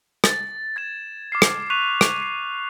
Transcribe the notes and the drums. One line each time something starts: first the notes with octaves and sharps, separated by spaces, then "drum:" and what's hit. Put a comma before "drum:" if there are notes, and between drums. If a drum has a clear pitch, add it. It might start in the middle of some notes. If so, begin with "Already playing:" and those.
A6, drum: rim click
G#6 A6 E7
D6 F6 C7
drum: rim click
C#6 F#6 B6 C7 D#7 F7
drum: rim click
C7